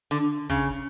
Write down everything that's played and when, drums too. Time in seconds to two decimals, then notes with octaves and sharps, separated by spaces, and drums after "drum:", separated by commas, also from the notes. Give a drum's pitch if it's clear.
0.11 D3
0.50 C#3, drum: kick, open hi-hat
0.70 drum: hi-hat